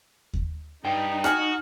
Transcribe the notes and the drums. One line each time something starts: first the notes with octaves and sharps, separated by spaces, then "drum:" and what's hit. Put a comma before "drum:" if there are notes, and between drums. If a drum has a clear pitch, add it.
drum: kick D#2
G2 D#4 G5
F#4 G#5 F6, drum: rim click